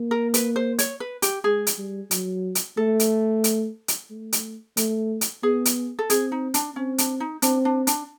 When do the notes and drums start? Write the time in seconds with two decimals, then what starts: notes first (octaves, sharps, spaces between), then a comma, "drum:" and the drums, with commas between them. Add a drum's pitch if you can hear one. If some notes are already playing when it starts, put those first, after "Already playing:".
Already playing: A#3
0.11 A#4
0.34 B4, drum: hi-hat
0.56 C5
0.79 C#5, drum: hi-hat
1.00 B4
1.22 G4, drum: hi-hat
1.44 G#3 G#4
1.67 drum: hi-hat
1.78 G3
2.11 F#3, drum: hi-hat
2.55 drum: hi-hat
2.77 A3 A4
3.00 drum: hi-hat
3.44 drum: hi-hat
3.88 drum: hi-hat
4.10 A3
4.33 drum: hi-hat
4.77 A3, drum: hi-hat
5.21 drum: hi-hat
5.43 B3 G#4
5.65 drum: hi-hat
5.99 A4
6.10 C4 G#4, drum: hi-hat
6.32 D#4
6.54 D4, drum: hi-hat
6.76 C4 C#4
6.98 D4, drum: hi-hat
7.20 D#4
7.42 C4 D4, drum: hi-hat
7.65 D4
7.87 D4, drum: hi-hat